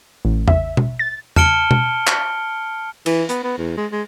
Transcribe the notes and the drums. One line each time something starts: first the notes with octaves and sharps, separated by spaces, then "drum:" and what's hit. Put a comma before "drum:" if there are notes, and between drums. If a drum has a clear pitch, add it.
A1
E5, drum: tom E2
drum: tom B2
A6
A5 F6 C#7 D7 G7, drum: tom E2
drum: tom B2
drum: clap
E3, drum: cymbal
B3, drum: hi-hat
B3
E2
G#3
G#3